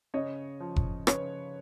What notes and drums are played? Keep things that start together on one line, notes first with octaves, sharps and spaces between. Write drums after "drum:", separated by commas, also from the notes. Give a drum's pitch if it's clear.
C#3 C#5 D#5
F3
drum: kick F1
C#3 B4 C#5, drum: rim click